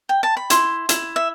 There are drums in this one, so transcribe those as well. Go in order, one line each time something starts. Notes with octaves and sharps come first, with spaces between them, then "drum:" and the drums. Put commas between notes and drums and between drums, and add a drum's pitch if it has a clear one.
G5
A5
B5
E4 C6, drum: hi-hat
E4, drum: hi-hat
E5